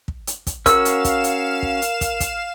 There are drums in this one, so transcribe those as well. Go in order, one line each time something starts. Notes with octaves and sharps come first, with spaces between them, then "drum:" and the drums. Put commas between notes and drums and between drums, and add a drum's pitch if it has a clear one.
drum: kick
drum: hi-hat
drum: kick, hi-hat
C#4 F#4 A#4 F5 E6 E7, drum: kick, hi-hat
drum: hi-hat
drum: kick, hi-hat
drum: hi-hat
drum: kick
drum: hi-hat
drum: kick, hi-hat
drum: kick, hi-hat